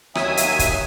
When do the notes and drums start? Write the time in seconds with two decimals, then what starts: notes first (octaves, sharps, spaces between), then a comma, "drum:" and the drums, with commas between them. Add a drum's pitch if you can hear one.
0.15 D#2 F#3 E5 G#5 D#6, drum: rim click
0.37 drum: hi-hat
0.59 drum: kick, hi-hat